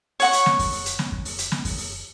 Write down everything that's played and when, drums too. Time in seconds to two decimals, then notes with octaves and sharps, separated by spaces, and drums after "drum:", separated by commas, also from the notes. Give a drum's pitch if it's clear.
0.20 C#5 F#5 C#6, drum: open hi-hat
0.33 drum: hi-hat
0.46 drum: snare
0.59 drum: kick F#2, open hi-hat
0.72 drum: open hi-hat
0.86 drum: hi-hat
0.99 drum: snare
1.12 drum: kick F#2
1.25 drum: open hi-hat
1.38 drum: hi-hat
1.52 drum: snare
1.65 drum: kick F#2, open hi-hat
1.78 drum: open hi-hat